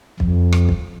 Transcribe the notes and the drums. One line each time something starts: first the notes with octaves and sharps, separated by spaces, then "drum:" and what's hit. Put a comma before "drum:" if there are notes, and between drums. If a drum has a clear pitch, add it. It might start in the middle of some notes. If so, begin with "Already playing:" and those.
F2, drum: kick
drum: rim click
drum: kick